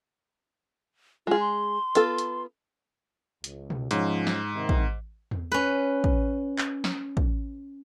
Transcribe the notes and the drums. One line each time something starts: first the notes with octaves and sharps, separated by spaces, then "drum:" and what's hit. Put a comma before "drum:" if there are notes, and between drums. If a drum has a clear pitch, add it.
G#3 F4 G#4
C6
B3 F4 A4, drum: hi-hat
drum: hi-hat
C#2, drum: hi-hat
drum: tom B2
G#2 F3 C#4, drum: hi-hat
drum: snare
C3 D#3
drum: kick
drum: tom E2
C#4 B4
drum: kick
drum: clap
drum: snare
drum: kick